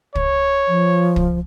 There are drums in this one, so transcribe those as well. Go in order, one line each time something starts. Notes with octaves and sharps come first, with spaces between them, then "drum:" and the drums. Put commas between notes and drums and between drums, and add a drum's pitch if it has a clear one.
C#5, drum: kick
F3
drum: kick